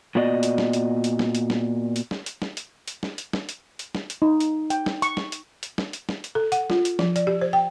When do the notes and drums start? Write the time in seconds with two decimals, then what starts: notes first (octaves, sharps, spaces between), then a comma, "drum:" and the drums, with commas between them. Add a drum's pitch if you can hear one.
0.15 A#2 B3 F#4 D5 D#5
0.43 drum: hi-hat
0.58 drum: snare
0.73 drum: hi-hat
1.04 drum: hi-hat
1.19 drum: snare
1.35 drum: hi-hat
1.50 drum: snare
1.96 drum: hi-hat
2.11 drum: snare
2.26 drum: hi-hat
2.42 drum: snare
2.57 drum: hi-hat
2.88 drum: hi-hat
3.03 drum: snare
3.18 drum: hi-hat
3.33 drum: snare
3.49 drum: hi-hat
3.79 drum: hi-hat
3.95 drum: snare
4.10 drum: hi-hat
4.22 D#4
4.40 drum: hi-hat
4.70 G5, drum: hi-hat
4.86 drum: snare
5.02 C#6, drum: hi-hat
5.17 drum: snare
5.32 drum: hi-hat
5.63 drum: hi-hat
5.78 drum: snare
5.93 drum: hi-hat
6.09 drum: snare
6.24 drum: hi-hat
6.35 A4
6.52 F#5, drum: hi-hat
6.70 F4, drum: snare
6.85 drum: hi-hat
6.99 F3, drum: snare
7.16 D5, drum: hi-hat
7.27 G4
7.41 C5
7.53 G5